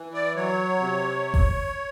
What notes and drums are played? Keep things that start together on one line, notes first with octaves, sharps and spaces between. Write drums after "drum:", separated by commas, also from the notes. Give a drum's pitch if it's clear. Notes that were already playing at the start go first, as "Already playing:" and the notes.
Already playing: E3
D5
F#3 C#5
C3
drum: kick G1